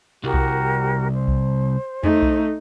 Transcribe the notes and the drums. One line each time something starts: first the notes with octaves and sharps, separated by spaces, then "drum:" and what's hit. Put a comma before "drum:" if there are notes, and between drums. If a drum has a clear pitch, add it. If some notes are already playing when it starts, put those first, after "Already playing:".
C2 F#4 G4 A#4
drum: kick B1
C5
drum: kick B1
A3 D#4, drum: tom E2
drum: kick B1